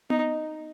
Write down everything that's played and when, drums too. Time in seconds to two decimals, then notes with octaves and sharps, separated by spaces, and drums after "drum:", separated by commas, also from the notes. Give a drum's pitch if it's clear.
0.10 D#4, drum: tom B3